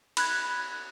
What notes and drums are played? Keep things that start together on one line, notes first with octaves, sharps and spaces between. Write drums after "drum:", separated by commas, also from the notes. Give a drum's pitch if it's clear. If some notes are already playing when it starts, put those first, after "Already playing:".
B5 F#6 G#6, drum: cymbal